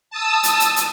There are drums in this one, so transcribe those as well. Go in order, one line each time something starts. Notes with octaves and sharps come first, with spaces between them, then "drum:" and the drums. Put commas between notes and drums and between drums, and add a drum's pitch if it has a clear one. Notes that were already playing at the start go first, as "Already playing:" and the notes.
A5 D#6 E6
drum: hi-hat
drum: hi-hat
drum: hi-hat